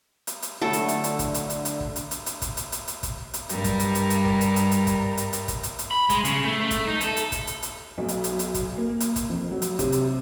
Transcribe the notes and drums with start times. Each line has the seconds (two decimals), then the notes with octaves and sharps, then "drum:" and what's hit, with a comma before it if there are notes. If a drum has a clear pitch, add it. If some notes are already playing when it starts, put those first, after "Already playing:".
0.27 drum: hi-hat
0.42 drum: hi-hat
0.61 D3 F#3 A3 E4 A4
0.73 drum: hi-hat
0.88 drum: hi-hat
1.04 drum: hi-hat
1.19 drum: kick, hi-hat
1.34 drum: hi-hat
1.50 drum: hi-hat
1.65 drum: hi-hat
1.80 drum: kick
1.96 drum: hi-hat
2.11 drum: hi-hat
2.26 drum: hi-hat
2.42 drum: kick, hi-hat
2.57 drum: hi-hat
2.72 drum: hi-hat
2.88 drum: hi-hat
3.03 drum: kick, hi-hat
3.34 drum: hi-hat
3.49 G2 G3 A#4, drum: hi-hat
3.64 drum: kick, hi-hat
3.80 drum: hi-hat
3.95 drum: hi-hat
4.10 drum: hi-hat
4.25 drum: kick
4.41 drum: hi-hat
4.56 drum: hi-hat
4.71 drum: hi-hat
4.87 drum: kick, hi-hat
5.17 drum: hi-hat
5.33 drum: hi-hat
5.48 drum: kick, hi-hat
5.63 drum: hi-hat
5.79 drum: hi-hat
5.91 B5
6.10 G#3, drum: kick, hi-hat
6.25 C#3, drum: hi-hat
6.44 A3
6.61 A3
6.71 drum: kick, hi-hat
6.87 D#4
7.01 A4, drum: hi-hat
7.17 drum: hi-hat
7.32 drum: kick, hi-hat
7.47 drum: hi-hat
7.63 drum: hi-hat
7.98 B1
8.08 drum: hi-hat
8.24 drum: hi-hat
8.39 drum: hi-hat
8.54 drum: kick, hi-hat
8.78 A#3
9.00 drum: hi-hat
9.16 drum: kick, hi-hat
9.29 F2
9.51 F#3
9.62 drum: hi-hat
9.79 C3, drum: kick, hi-hat
9.92 drum: hi-hat